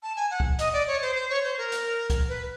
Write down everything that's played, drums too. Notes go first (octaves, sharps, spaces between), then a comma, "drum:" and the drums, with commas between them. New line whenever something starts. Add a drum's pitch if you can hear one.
A5
G#5
F#5
drum: kick
D#5, drum: hi-hat
D5
C#5
C5
C5
C#5
C5
A#4
drum: hi-hat
drum: kick, hi-hat
B4